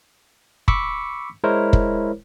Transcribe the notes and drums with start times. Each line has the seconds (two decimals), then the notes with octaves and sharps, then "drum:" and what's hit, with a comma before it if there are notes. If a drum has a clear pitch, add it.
0.68 B5 C#6 D6 E6 B6 C#7, drum: kick
1.44 G#3 E4 A#4 C5 C#5
1.73 drum: kick